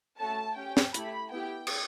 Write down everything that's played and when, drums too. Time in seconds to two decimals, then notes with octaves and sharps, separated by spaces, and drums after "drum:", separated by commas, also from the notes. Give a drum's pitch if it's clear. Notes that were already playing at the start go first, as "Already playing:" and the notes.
0.19 A3 C#4 F#4 A4 A5
0.56 C#4 G4 G5
0.77 drum: snare
0.94 A3 E4 G4 B5, drum: hi-hat
1.31 B3 E4 G4 G5
1.67 drum: cymbal